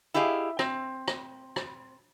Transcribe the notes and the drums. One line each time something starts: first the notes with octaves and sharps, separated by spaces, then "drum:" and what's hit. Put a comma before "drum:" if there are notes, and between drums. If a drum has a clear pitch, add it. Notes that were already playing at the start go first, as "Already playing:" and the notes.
E4 G4 G#4 D#5 F5
C4, drum: rim click
drum: rim click
drum: rim click